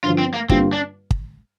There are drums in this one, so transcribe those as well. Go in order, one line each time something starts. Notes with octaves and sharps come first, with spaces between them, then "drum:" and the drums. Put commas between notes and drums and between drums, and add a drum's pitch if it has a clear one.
G2 D3 F3 F4
C4
A#3
G2 D3 G3 A#3 C4 F4, drum: kick
D4
drum: kick